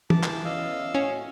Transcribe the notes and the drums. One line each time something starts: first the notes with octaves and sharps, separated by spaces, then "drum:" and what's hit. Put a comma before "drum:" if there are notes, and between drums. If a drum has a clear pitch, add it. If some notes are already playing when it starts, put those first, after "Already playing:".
E3 A5 D6, drum: tom
drum: clap
E2 C#4 E4 D#5 F5 E6
A2 C#4 F#4